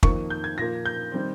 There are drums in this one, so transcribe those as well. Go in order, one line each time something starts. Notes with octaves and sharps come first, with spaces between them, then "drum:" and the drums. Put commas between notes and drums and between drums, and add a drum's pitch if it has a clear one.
F2 D#3 A#3 C#6, drum: kick
G6
G#6
A#2 F3 A#3 A#6
G6
D#3 G3 C4